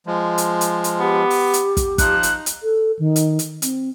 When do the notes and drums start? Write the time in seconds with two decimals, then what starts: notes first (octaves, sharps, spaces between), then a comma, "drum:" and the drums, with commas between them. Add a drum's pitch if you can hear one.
0.07 F3 G#3
0.38 drum: hi-hat
0.61 drum: hi-hat
0.84 drum: hi-hat
0.99 B3 G4
1.30 drum: open hi-hat
1.54 drum: hi-hat
1.77 drum: kick, hi-hat
1.98 F3 D#4 F#6, drum: kick, hi-hat
2.23 drum: hi-hat
2.46 drum: hi-hat
2.63 A4
2.99 D#3
3.16 drum: hi-hat
3.39 drum: hi-hat
3.62 C4, drum: hi-hat